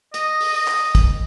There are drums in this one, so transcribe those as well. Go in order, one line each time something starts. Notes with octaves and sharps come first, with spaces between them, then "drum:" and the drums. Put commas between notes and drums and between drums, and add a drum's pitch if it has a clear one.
D#5, drum: hi-hat
drum: open hi-hat
D#5
drum: clap
drum: kick, hi-hat